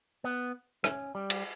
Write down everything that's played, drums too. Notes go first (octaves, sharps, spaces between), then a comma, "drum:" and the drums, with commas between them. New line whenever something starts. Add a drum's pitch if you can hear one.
B3
C#4, drum: rim click
G3
drum: cymbal